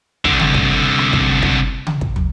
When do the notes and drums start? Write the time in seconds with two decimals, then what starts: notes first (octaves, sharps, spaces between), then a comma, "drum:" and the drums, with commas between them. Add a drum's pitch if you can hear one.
0.25 C2 D3, drum: kick
0.39 drum: tom C#3
0.54 drum: kick
0.98 drum: rim click
1.13 drum: kick
1.42 drum: kick
1.87 drum: tom C#3
2.01 drum: kick
2.16 drum: tom